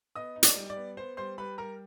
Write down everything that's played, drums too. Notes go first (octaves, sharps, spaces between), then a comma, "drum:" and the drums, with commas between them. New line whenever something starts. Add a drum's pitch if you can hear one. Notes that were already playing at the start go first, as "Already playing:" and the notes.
B3 D#5 D#6
D#4
D5 D6, drum: hi-hat
G3
D5 D6
B3
B3 C5 C6
G3 C5 C6
G3 B4 B5
G3 A#4 A#5